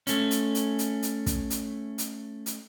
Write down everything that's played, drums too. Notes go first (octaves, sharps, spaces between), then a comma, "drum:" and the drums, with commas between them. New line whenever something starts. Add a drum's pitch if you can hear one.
A3 C#4, drum: hi-hat
drum: hi-hat
drum: hi-hat
drum: hi-hat
drum: hi-hat
drum: kick, hi-hat
drum: hi-hat
drum: hi-hat
drum: hi-hat